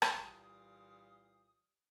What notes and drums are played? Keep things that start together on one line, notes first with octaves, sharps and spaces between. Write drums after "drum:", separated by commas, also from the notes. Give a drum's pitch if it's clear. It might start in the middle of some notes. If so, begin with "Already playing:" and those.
C2 A#2 E3 G4 F5 D#6, drum: rim click